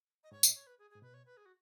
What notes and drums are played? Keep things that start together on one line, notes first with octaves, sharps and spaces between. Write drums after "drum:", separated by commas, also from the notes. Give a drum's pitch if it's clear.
D#5
G#2 C#5
D#5, drum: tambourine
C#5
B4
G#4
G#4
G#2
B2 B4
C#5
B4
G#4
F#4